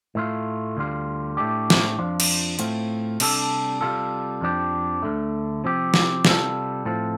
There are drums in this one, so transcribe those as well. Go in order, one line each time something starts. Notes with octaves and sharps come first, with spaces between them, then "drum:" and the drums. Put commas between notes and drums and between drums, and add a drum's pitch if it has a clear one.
A2 A3 F4
D2 D3 G3 F4
A2 A3 D4 G4
drum: snare
F2 F3 D4 F4
drum: cymbal
A2 A3 C4 F4, drum: hi-hat
C3 G3 D4 A4, drum: cymbal
C3 G3 F4 A4
F2 F3 D4 G4
D2 D3 A3
C3 F3 C4 G4
drum: snare
C3 G3 F4 A4, drum: snare
A2 F3 C4 F4 A4